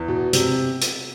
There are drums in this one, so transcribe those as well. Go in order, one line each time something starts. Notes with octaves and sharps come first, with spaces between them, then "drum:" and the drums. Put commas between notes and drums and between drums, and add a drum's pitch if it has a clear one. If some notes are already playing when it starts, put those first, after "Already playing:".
Already playing: E2
B2
C3, drum: hi-hat
drum: hi-hat